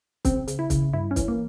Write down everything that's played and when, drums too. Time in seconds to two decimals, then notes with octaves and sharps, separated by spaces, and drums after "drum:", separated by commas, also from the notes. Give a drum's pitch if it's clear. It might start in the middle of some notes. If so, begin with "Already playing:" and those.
0.25 C#3 C4, drum: kick, hi-hat
0.48 C#3, drum: hi-hat
0.59 E4
0.70 C#3, drum: kick, hi-hat
0.94 G2 E4
1.11 C#4
1.16 E3, drum: kick, hi-hat
1.28 A#3